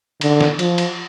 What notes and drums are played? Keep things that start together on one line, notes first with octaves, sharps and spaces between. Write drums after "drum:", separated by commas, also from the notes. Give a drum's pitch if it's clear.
D3, drum: cymbal
drum: snare
F3, drum: cymbal
drum: cymbal